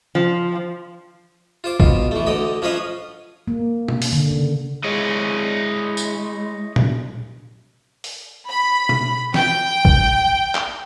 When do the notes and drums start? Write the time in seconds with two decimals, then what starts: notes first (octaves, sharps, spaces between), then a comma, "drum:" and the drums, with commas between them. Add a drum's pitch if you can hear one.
0.15 F3
1.64 F4 C5 D6
1.80 B2 F4, drum: kick
2.11 E3 A3
2.27 D2 D3 D#5 G5
2.62 F3 C#4 B4 D#5 F5
3.48 A#3
3.88 drum: tom B2
4.02 drum: open hi-hat
4.12 D3
4.31 C#3
4.84 G#3 E4 C#5 D#5
5.97 drum: tambourine
6.76 drum: tom A#2
8.04 drum: open hi-hat
8.49 B5
8.89 drum: tom B2
9.34 G5, drum: snare
9.85 drum: kick
10.55 drum: clap